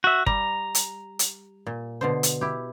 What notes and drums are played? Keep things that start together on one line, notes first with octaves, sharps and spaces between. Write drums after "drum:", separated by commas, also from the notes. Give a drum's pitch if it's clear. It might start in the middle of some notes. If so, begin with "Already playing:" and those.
F#4 E5
G3 A#5, drum: kick G1
drum: hi-hat
drum: hi-hat
A#2
B2 D3 C5
drum: hi-hat
E4 G4